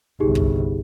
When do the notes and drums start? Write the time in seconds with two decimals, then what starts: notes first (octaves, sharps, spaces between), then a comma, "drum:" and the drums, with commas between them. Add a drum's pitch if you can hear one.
0.20 G1 C2 D#4 G4 G#4
0.35 drum: kick